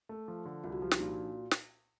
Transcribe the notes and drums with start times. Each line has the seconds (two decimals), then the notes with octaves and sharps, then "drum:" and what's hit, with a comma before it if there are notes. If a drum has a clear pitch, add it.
0.09 A3
0.28 F3
0.45 D3
0.64 C2 F4
0.72 F#4
0.82 F3 G4
0.91 D#4, drum: snare
1.00 A#2 D4
1.09 F#4
1.51 drum: snare